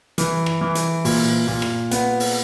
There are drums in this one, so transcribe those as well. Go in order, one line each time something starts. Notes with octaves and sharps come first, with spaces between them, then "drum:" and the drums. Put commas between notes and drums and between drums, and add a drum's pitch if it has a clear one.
E3, drum: hi-hat
drum: rim click
E3
drum: hi-hat
A#2, drum: open hi-hat
A#2
drum: rim click
B3, drum: hi-hat
drum: open hi-hat